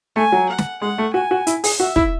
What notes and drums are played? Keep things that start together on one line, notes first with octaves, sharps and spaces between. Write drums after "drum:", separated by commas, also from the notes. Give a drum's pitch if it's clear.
A3 G#5
F#3
F#5
drum: snare
G#3 F#5
A3
F#4 G#5
F#4
E4, drum: hi-hat
G#4, drum: open hi-hat
F#4 E5
E4, drum: kick